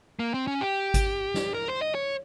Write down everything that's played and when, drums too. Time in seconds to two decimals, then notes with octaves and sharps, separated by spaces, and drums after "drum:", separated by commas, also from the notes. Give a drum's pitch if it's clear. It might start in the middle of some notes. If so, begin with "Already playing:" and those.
0.19 A#3
0.34 C4
0.47 C#4
0.61 G4
0.94 drum: kick G#1, hi-hat
1.34 drum: snare
1.54 A#4
1.68 C5
1.82 D#5
1.95 C#5